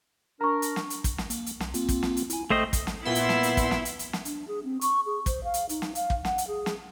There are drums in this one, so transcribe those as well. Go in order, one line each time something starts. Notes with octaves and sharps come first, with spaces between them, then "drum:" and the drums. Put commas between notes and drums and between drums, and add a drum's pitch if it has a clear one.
D4 A#4 A#5 C#6
drum: hi-hat
drum: snare
drum: hi-hat
drum: kick, hi-hat
drum: snare
A#3, drum: hi-hat
drum: hi-hat
B1, drum: snare
A#3 C4 F4, drum: hi-hat
drum: kick, hi-hat
drum: snare
drum: hi-hat
E4 G#5, drum: hi-hat
A1 A3 C5 D#5 G5 C6
drum: kick, hi-hat
drum: snare
A#2 B3 E4 C6 E6
drum: hi-hat
drum: snare
drum: hi-hat
drum: kick, hi-hat
drum: snare
drum: hi-hat
drum: hi-hat
drum: snare
D4, drum: hi-hat
G#4
C4
C#6, drum: hi-hat
G#4
C5, drum: kick, hi-hat
F5
drum: hi-hat
D#4, drum: hi-hat
drum: snare
F5, drum: hi-hat
drum: kick
F#5, drum: snare
drum: hi-hat
G#4
drum: snare